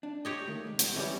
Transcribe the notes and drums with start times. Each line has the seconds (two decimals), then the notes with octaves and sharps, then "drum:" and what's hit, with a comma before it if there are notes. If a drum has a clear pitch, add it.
0.03 D4
0.25 G4 C#5 D#5
0.48 D#3 A3 A#3
0.65 C2 G#3
0.79 G5, drum: hi-hat
0.96 E3 G3 C#4